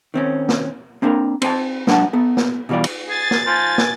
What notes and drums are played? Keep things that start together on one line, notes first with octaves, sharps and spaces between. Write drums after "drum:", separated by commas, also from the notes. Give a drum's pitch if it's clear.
D#3 C4 C#4
drum: snare
A#3 C4 D4 G4 A#4
C4 C5 G#5 A5, drum: cymbal
G#2 F#3 D4 F#5 G#5 A5, drum: snare
B3 A4
drum: snare
B2 E3 G3 F4 D5
drum: cymbal
G#4 A6
drum: snare
F3 G#5
drum: snare